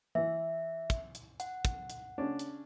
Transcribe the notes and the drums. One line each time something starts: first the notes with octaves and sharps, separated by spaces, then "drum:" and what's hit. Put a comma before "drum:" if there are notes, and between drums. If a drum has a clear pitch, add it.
E3 E5
drum: kick, hi-hat
drum: hi-hat
F#5, drum: hi-hat
drum: kick, hi-hat
drum: hi-hat
C#3 C#4 D4
drum: hi-hat